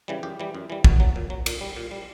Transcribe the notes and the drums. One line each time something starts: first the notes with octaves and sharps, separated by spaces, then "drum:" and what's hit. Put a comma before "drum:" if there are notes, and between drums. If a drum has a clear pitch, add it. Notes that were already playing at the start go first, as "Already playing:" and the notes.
C#3 E3 G3
F#2 G4
E3 G3
F#2
E3 G3
B2 F#4, drum: kick
F#3
A#2
F#3
A#2, drum: cymbal
G3
A#2
G3